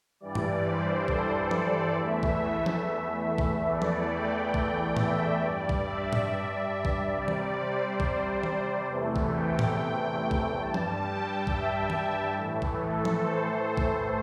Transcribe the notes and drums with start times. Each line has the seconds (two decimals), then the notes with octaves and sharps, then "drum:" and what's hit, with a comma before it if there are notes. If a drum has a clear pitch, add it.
0.20 G2 E3 G3 D5
0.35 drum: tom G2
0.65 C5
1.08 A4, drum: kick A#1
1.51 D5, drum: tom F3
1.94 E2 E3 A3 E5
2.23 drum: kick A#1
2.66 drum: tom F3
3.38 drum: kick A#1
3.67 E2 E3 A3 D5
3.82 drum: tom F3
4.10 G5
4.54 G5, drum: kick A#1
4.97 E5, drum: tom A2
5.40 G2 G3 D5
5.69 drum: kick A#1
5.84 E5
6.13 drum: tom A2
6.28 E5
6.85 drum: kick A#1
7.14 C3 G3 D5
7.28 drum: tom D#3
7.56 C5
8.00 C5, drum: kick A#1
8.43 drum: tom D#3
8.86 E2 C3 E3 A3
9.16 drum: kick A#1
9.30 G5
9.59 drum: tom A2
9.73 G5
10.16 G5
10.31 drum: kick A#1
10.59 G2 G3 A5
10.74 drum: tom F3
11.03 G5
11.47 E5, drum: kick A#1
11.90 drum: tom D#3
12.33 A2 E3 A3
12.62 drum: kick A#1
12.76 A4
13.05 drum: tom F3
13.19 C5
13.77 drum: kick A#1